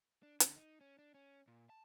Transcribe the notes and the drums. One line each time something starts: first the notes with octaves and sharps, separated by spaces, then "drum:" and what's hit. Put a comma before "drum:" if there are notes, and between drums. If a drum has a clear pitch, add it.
D4
D3, drum: hi-hat
D#4
C#4
D4
C#4
A#2
A5